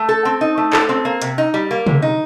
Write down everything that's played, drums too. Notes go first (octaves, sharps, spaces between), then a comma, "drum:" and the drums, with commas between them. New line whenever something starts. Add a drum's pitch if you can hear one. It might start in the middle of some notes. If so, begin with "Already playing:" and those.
Already playing: A3
A4
C4
D#4
A3
A4, drum: clap
C4
A#3
C3, drum: hi-hat
D#4
G3
A#3
C3, drum: tom
D#4